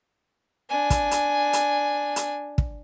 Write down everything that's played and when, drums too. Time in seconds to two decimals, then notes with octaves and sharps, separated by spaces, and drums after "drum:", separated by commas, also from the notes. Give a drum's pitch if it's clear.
0.69 D4 G#5
0.90 drum: kick, hi-hat
1.11 drum: hi-hat
1.53 drum: hi-hat
2.16 drum: hi-hat
2.58 drum: kick